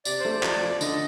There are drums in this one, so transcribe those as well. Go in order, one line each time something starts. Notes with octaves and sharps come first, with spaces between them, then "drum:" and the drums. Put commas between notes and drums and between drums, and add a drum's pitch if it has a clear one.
C3 D5, drum: tambourine
A3 C5
D5
F3, drum: clap
F3
D3 D#5, drum: tambourine